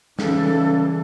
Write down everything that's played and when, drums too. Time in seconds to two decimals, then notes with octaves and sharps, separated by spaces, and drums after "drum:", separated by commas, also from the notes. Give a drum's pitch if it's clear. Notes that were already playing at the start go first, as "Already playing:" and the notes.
0.19 C#3 E3 G3 A4, drum: snare